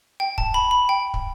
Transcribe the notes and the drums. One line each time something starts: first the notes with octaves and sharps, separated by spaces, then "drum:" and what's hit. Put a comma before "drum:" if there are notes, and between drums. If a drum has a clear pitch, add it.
G5
A5, drum: kick
B5
B5
G5
drum: kick